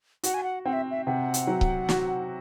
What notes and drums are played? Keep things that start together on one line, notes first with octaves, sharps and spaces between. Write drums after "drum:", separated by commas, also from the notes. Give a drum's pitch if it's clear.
F#4 F#5, drum: hi-hat
G#5
F#5
C4 F#5
E5
E5
C3 F#5
drum: hi-hat
F#3
drum: kick C#1
F#4, drum: snare